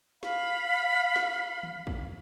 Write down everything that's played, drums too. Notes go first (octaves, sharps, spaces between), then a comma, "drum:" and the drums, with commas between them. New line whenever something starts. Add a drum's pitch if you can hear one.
F5 B5, drum: snare
drum: snare
drum: tom D#3
drum: kick